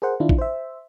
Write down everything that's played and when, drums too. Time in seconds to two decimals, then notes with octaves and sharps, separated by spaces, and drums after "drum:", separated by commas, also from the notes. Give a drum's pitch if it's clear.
0.02 G#4 A#4 C5 F#5
0.20 D#3 D4 E4 F4
0.29 drum: kick
0.38 C5 E5